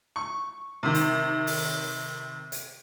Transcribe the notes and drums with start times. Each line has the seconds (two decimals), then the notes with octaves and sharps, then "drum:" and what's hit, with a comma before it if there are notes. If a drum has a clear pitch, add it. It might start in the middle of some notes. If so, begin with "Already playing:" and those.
0.16 C#6
0.83 C3 D#3
0.95 drum: hi-hat
1.47 drum: open hi-hat
2.52 drum: hi-hat